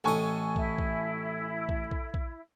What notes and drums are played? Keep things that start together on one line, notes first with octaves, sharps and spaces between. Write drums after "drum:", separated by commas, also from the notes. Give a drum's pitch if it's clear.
A1 A4 D#5 G#5 C#6
E4, drum: kick
drum: kick
drum: kick
drum: kick
drum: kick